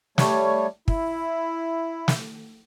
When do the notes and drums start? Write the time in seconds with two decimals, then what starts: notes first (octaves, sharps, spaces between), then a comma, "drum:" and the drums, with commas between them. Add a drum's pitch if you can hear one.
0.18 G3 A3 C#5, drum: snare
0.88 E4, drum: kick
2.08 drum: snare